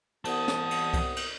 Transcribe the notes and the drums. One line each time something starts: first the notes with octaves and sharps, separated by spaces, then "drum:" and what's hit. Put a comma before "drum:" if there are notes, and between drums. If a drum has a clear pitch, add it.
C2 E3 B3 A5 D#6, drum: cymbal
drum: snare
drum: cymbal
drum: kick C2, cymbal
drum: cymbal